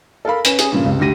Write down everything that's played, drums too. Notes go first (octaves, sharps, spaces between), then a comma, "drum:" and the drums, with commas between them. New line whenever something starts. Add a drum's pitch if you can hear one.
A4 A#4 F5 B5
C#4 B4 G#5 E7, drum: hi-hat
C#4 G#4, drum: hi-hat
G2 A#2 C#3
C#2 C3
D2 D3 G4 A#6 D#7